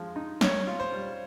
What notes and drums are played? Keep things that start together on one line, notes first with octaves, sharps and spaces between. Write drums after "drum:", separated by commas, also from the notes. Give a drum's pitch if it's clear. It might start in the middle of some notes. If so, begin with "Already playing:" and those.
Already playing: F3 G#3
D#4
C#4 C#5, drum: snare
F4
C5
G3